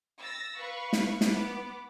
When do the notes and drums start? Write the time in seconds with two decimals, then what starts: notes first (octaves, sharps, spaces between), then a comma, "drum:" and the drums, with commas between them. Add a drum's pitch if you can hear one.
0.19 E6 A6 A#6
0.57 B4 F5 B5 C#6
0.93 drum: snare
1.21 B3 D6, drum: snare